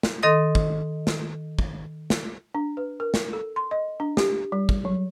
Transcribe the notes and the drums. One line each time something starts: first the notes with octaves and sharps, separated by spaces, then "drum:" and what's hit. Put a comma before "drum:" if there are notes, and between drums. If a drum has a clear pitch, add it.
drum: snare
D#3 A4 D#5 C6 D#6 A#6
drum: kick
drum: snare
drum: kick
drum: snare
D4
B4
A#4
drum: snare
A4
C6
D#5
D4
G4, drum: snare
G3
drum: kick
F#3